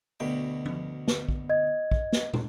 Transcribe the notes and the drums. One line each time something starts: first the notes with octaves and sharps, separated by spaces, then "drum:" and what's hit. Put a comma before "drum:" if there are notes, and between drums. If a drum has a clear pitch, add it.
D2 B2 G5
drum: tom
drum: snare
drum: kick
D#5 G#6
drum: kick
drum: snare
drum: tom